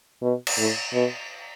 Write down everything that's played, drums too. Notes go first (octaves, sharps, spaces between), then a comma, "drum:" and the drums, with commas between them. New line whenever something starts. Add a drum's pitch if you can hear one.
B2
drum: cymbal
A2
B2